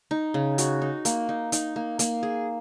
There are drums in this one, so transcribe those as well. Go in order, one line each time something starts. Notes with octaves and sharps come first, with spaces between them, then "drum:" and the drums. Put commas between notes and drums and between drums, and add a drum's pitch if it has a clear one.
D#4
C#3
F#4, drum: hi-hat
D#4
A#3, drum: hi-hat
D#4
D#4, drum: hi-hat
A#3
A#3, drum: hi-hat
G#4